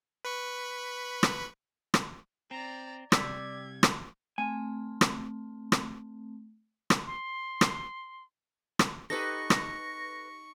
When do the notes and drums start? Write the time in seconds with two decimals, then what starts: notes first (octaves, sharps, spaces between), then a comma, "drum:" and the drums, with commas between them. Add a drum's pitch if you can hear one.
0.25 B4 B5 C#6
1.23 drum: rim click
1.94 drum: rim click
2.51 C4 D5 A#5
3.12 C3 G3 D5 E6 G#6 B6, drum: rim click
3.83 drum: rim click
4.38 A3 C4 G#5
5.01 drum: rim click
5.72 drum: rim click
6.90 drum: rim click
7.07 C6
7.61 drum: rim click
8.79 drum: rim click
9.10 D#4 G4 A4 B4 C#6 A#6
9.50 drum: rim click